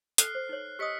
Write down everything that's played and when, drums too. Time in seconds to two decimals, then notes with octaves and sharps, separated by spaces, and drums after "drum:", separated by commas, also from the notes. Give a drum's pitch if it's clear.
0.18 A4 F6 F#6 C7, drum: hi-hat
0.35 C5
0.49 D#4 C#5
0.79 G4 D#5 D#6 E6 B6 C#7